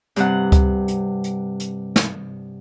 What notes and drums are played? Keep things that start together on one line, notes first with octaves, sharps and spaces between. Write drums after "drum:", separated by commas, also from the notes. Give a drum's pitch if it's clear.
G2 C3 F#5, drum: hi-hat
drum: kick C#2, hi-hat
drum: hi-hat
drum: hi-hat
drum: hi-hat
drum: snare